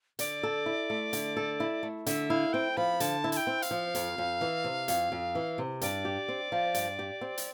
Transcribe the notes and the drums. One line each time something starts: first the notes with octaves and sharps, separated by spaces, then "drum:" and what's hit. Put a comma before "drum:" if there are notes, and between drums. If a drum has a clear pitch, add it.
D3 D5, drum: hi-hat
A4
E4
A3
D3, drum: hi-hat
A4
E4
A3
D3 E5, drum: hi-hat
E4 F5
C4 G5
F3 B5
D3 A5, drum: hi-hat
E4
A5, drum: hi-hat
G5
C4
F5, drum: hi-hat
F3
F2, drum: hi-hat
F2
E3
C3
F2, drum: hi-hat
F2
E3
C3
G2 D5, drum: hi-hat
G4
C4
F3
G2, drum: hi-hat
G4
C4
drum: hi-hat